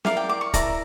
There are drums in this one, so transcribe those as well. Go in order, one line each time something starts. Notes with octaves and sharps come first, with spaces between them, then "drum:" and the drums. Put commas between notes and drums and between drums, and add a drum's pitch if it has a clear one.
E4 A#4 D5 F5, drum: snare
G5
D6
C#6
E4 A#4 D5 A#5, drum: kick, hi-hat